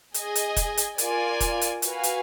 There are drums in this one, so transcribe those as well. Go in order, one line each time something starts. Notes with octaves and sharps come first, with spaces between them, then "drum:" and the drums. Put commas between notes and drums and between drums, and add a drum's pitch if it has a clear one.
G#4 D#5 G#5, drum: hi-hat
drum: hi-hat
drum: kick, hi-hat
drum: hi-hat
F4 A#4 D5 G#5, drum: hi-hat
drum: kick, hi-hat
drum: hi-hat
F#4 B4 F5 G#5, drum: hi-hat
drum: hi-hat